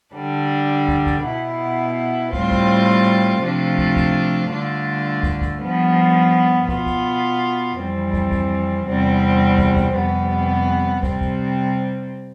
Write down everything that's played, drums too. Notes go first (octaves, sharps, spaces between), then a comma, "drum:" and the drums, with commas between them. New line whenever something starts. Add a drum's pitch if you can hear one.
D3 G3 D4
drum: kick
drum: kick
B2 B3 E4
A2 G3 C4 F4, drum: kick
drum: kick
C3 F3 A3 D4 F4
drum: kick
drum: kick
G2 D3 A3 D4 F4
drum: kick
drum: kick
G2 F3 B3
B2 B3 F4, drum: kick
drum: kick
F2 E3 G3 C4
drum: kick
drum: kick
E2 C3 G3 C4
drum: kick
drum: kick
F2 C3 G3 B3
C3 G3 C4, drum: kick
drum: kick